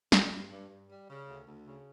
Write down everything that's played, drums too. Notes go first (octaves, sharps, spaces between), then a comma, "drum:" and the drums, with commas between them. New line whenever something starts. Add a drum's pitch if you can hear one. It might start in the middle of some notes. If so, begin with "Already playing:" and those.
G3, drum: snare
G2
G2
G2
G3
C#3
D2
D2
C#3